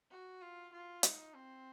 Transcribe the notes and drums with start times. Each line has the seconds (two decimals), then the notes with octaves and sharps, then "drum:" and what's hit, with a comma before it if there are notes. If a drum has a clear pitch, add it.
0.11 F#4
0.42 F4
0.73 F4
1.03 D#4, drum: hi-hat
1.34 C4